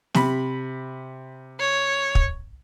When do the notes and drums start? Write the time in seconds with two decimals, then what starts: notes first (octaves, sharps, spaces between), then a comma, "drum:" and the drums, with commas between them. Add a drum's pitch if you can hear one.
0.14 C3 B5, drum: snare
1.60 C#5
2.15 drum: kick